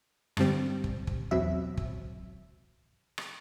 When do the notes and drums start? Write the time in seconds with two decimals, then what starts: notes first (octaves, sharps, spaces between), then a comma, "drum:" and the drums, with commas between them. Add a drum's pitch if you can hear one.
0.37 G2 D3 G3 C4, drum: rim click
0.84 drum: kick
1.07 drum: kick
1.31 E2 B2 F#3 C4 E5
1.77 drum: kick
3.18 drum: rim click